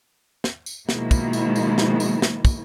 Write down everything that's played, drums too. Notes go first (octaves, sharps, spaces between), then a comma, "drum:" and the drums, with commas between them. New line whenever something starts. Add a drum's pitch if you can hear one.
drum: snare
drum: tambourine
B2 D#3 F3 G#3 A#3 E4, drum: snare
drum: kick, tambourine
drum: tambourine
drum: tambourine
drum: snare
drum: tambourine
drum: snare
drum: kick, tambourine